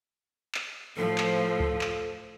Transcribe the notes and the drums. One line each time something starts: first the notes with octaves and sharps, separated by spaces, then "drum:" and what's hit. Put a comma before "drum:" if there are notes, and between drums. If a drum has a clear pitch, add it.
drum: clap
A2 F3 A4
drum: clap
drum: kick C#2
drum: clap